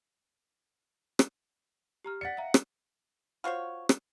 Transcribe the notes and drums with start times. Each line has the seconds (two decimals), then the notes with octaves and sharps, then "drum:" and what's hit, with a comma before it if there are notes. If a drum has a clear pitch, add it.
1.19 drum: rim click
2.05 G4 A#5 F6
2.21 D5 F#5 A6 B6 C#7
2.37 E5 F5 A#5
2.54 drum: rim click
3.44 F4 F#4 C5 C#5
3.89 drum: rim click